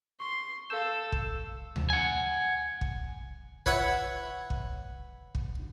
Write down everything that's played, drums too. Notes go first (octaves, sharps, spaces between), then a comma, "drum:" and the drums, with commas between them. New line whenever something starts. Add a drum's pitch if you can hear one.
C6 C#6 C7
A4 F5 E6 G6
drum: kick
drum: tom D2
F#5 G#5
drum: kick
B4 C#5 E5 F#5, drum: kick
drum: kick
drum: kick